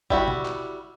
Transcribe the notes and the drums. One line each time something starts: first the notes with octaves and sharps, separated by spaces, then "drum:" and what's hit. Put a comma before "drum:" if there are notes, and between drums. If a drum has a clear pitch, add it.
G3 E4 F#4, drum: kick
drum: tom B2
drum: clap